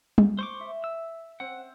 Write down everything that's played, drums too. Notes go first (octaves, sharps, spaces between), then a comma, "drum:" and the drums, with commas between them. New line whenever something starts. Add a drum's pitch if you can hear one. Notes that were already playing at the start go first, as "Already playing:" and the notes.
drum: tom
C5 C#6 D6
E5
E6
C4 F#5